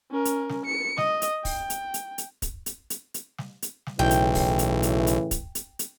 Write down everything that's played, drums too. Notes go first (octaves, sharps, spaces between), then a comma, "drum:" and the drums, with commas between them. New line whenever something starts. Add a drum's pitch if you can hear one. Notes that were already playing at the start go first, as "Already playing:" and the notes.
C#4 A#4
drum: hi-hat
drum: snare
C#7
D#5, drum: snare
drum: hi-hat
G5, drum: kick, open hi-hat
drum: hi-hat
drum: hi-hat
drum: hi-hat
drum: kick, hi-hat
drum: hi-hat
drum: hi-hat
drum: hi-hat
drum: snare
drum: hi-hat
drum: snare
B1 A2 C#3 E3 G5
drum: hi-hat
drum: kick, open hi-hat
drum: hi-hat
drum: hi-hat
drum: hi-hat
drum: kick, hi-hat
drum: hi-hat
drum: hi-hat